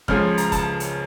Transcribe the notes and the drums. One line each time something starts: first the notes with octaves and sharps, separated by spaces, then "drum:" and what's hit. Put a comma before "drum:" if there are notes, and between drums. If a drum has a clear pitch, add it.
C#2 C#3 F3 G#3 F6, drum: kick F1
A#5, drum: hi-hat
A5, drum: kick F1, hi-hat
drum: hi-hat